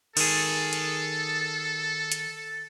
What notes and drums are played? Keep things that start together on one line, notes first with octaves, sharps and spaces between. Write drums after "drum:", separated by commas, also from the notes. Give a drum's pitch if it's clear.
D#3 G#4 A4, drum: cymbal
drum: cymbal
drum: hi-hat